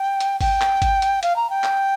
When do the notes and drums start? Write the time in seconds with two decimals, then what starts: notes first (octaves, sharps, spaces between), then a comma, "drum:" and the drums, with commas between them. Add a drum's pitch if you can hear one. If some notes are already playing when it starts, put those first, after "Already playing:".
Already playing: G5
0.20 drum: hi-hat
0.41 G5, drum: kick G1, open hi-hat
0.61 drum: clap
0.82 drum: kick G1, hi-hat
1.02 drum: hi-hat
1.23 F5, drum: hi-hat
1.36 A#5
1.50 G5
1.63 drum: clap